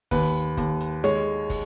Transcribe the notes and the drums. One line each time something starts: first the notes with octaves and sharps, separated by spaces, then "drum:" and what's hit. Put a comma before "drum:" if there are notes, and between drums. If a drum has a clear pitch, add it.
D#2 B4, drum: kick, open hi-hat
D#2, drum: kick, hi-hat
drum: hi-hat
G#3 C#5, drum: hi-hat
drum: kick, open hi-hat